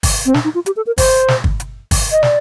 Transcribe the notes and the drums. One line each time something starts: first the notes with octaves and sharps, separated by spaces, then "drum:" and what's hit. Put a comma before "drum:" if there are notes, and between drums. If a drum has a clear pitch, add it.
drum: kick, open hi-hat
C4
D4, drum: snare
D#4
F4
G4, drum: hi-hat
A4
A#4
C5, drum: kick, open hi-hat
drum: snare
drum: kick
drum: hi-hat
drum: kick, open hi-hat
D#5
D5, drum: snare